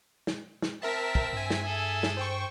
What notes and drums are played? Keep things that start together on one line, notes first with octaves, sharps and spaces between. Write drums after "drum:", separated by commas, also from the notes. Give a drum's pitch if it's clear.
drum: snare
drum: snare
C4 A#4 E5 A5 B6
drum: kick
G2 E5 G#5
drum: snare
G#4 A4
drum: snare
C5 G5 C#6